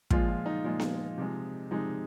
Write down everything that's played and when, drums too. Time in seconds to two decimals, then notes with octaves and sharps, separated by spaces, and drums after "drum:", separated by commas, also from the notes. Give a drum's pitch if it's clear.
0.10 A#2 F3 G#3 F4, drum: kick
0.28 F4
0.46 D#4
0.64 A#2 F3 G#3
0.80 drum: snare B3
1.18 C3 F3 G#3
1.71 C3 F3 G#3 D#4